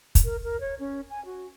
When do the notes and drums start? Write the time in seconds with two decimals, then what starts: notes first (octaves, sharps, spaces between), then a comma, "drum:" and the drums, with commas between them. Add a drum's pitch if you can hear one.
0.15 drum: kick, hi-hat
0.24 A#4
0.44 A#4
0.61 C#5
0.79 C#4
1.10 G#5
1.25 F#4